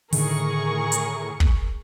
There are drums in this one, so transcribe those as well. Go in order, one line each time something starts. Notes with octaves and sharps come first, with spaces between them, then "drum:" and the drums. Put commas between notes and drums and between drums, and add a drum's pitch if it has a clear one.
A2 D3 D#3 G#4 A#4 C#6, drum: open hi-hat
drum: hi-hat
drum: kick